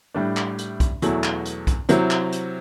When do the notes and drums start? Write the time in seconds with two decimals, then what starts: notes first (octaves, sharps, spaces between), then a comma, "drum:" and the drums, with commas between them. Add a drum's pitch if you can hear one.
0.14 A2 G3 D4
0.37 drum: clap
0.58 drum: hi-hat
0.80 drum: kick B1, hi-hat
1.02 E2 B2 F#3 A3 E4, drum: hi-hat
1.24 drum: clap
1.45 drum: hi-hat
1.67 drum: kick B1, hi-hat
1.89 C3 F#3 C4 E4, drum: hi-hat
2.11 drum: clap
2.32 drum: hi-hat